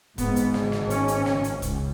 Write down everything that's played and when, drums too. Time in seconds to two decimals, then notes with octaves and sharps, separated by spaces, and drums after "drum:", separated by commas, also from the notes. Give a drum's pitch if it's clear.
0.18 G#1 G#2 B3, drum: kick E1, hi-hat
0.36 drum: hi-hat
0.54 drum: snare
0.72 drum: snare
0.90 C#4, drum: hi-hat
1.08 drum: hi-hat
1.26 drum: snare
1.44 drum: hi-hat
1.62 C#2, drum: kick E1, hi-hat